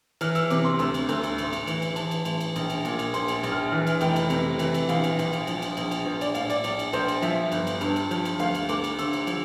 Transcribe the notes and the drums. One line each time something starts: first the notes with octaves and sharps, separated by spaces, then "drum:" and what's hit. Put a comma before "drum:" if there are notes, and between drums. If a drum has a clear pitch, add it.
E3 F6, drum: cymbal
E6, drum: cymbal
C3 D6, drum: cymbal
C6
D2 E6, drum: cymbal
drum: cymbal
D2, drum: cymbal
drum: cymbal
A1, drum: cymbal
drum: cymbal
E3, drum: cymbal
drum: cymbal
E3 A5, drum: cymbal
drum: cymbal
A1, drum: cymbal
drum: cymbal
A#1, drum: cymbal
drum: cymbal
A#2, drum: cymbal
drum: cymbal
A#1 C6, drum: cymbal
drum: cymbal
A#1, drum: cymbal
F6
E3 F6
drum: cymbal
F1 G5, drum: cymbal
drum: cymbal
C3, drum: cymbal
E3, drum: cymbal
drum: cymbal
A#1 F5, drum: cymbal
drum: cymbal
A#1, drum: cymbal
drum: cymbal
F3, drum: cymbal
drum: cymbal
A#1, drum: cymbal
drum: cymbal
A#1 C5
D5, drum: cymbal
A2 F5, drum: cymbal
D5, drum: cymbal
A#1 D5, drum: cymbal
drum: cymbal
A#1 C5, drum: cymbal
drum: cymbal
F3 E5, drum: cymbal
G1, drum: cymbal
drum: cymbal
G2, drum: cymbal
drum: cymbal
F3, drum: cymbal
drum: cymbal
D2 F5, drum: cymbal
drum: cymbal
D2 D6, drum: cymbal
drum: cymbal
D3 E6, drum: cymbal
drum: cymbal
F3, drum: cymbal